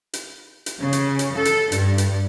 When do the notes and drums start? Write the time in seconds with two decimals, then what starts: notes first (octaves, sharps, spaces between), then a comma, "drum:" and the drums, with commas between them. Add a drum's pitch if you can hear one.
0.13 drum: hi-hat
0.66 drum: hi-hat
0.79 C#3
0.93 drum: hi-hat
1.19 drum: hi-hat
1.35 A4
1.45 drum: hi-hat
1.72 G2, drum: hi-hat
1.98 drum: hi-hat